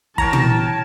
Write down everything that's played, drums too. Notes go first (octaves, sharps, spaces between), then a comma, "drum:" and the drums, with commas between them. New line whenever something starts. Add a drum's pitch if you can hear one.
E3 A#4 C#5 G5 A5 A#5, drum: kick
drum: tom